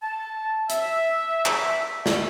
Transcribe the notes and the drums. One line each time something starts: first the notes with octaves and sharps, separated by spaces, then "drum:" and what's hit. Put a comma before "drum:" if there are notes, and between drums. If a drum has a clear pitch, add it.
A5
E5, drum: hi-hat
drum: clap
drum: snare